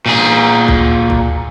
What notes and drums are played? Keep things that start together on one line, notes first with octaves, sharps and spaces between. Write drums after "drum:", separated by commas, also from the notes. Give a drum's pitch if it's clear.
A#2 G#4
drum: kick
drum: kick